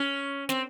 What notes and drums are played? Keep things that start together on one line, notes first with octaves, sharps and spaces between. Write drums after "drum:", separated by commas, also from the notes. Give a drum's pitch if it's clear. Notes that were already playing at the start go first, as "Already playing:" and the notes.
Already playing: C#4
C4, drum: snare